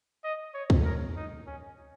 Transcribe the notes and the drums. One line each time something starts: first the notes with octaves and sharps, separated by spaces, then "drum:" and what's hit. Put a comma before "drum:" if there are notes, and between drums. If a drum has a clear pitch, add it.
D#5
C#5
drum: kick C#2
A#4
D#4
C#4